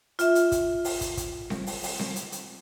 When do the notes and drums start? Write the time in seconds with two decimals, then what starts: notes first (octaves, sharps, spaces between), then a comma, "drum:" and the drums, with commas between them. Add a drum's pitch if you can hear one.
0.19 F4 E5, drum: hi-hat
0.35 drum: hi-hat
0.52 drum: kick, hi-hat
0.85 drum: open hi-hat
1.01 drum: kick, hi-hat
1.17 drum: kick, hi-hat
1.50 drum: snare C4
1.67 drum: open hi-hat
1.83 drum: open hi-hat
1.99 drum: snare C4
2.16 drum: hi-hat
2.32 drum: hi-hat